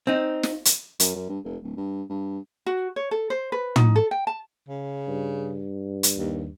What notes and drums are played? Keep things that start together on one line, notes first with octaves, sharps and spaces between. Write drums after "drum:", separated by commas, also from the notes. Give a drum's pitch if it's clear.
C4 D#4
drum: snare
drum: hi-hat
F#2, drum: hi-hat
F#2
G2
F1
D1
G2
G2
F#4
C#5
A4
C5
B4
D#4, drum: tom
A4
G5
A5
C#3
G2
drum: hi-hat
D#2